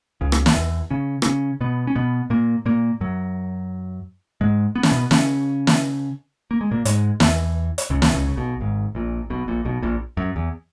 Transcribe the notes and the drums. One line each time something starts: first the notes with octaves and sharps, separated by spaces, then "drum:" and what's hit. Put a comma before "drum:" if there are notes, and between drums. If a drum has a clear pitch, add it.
C#2 C#3
drum: rim click
drum: snare
E2 E3
C#3 C#4
B3, drum: rim click
C#3 C#4
B2 B3
C#4
B2 B3
A#2 A#3
A#2 A#3
F#2 F#3
G#2 G#3
B3
C#4, drum: snare
B2 B3
C#3 C#4, drum: snare
drum: snare
A#3
G#3
A#2 A#3
G#2 G#3, drum: hi-hat
E2 E3, drum: snare
drum: hi-hat
C#2 C#3
drum: snare
C#2 C#3
C#3
B1 B2
G#1 G#2
A#1 A#2
B1 B2
A#1 A#2
B1 B2
A#1 A#2
F#2
E2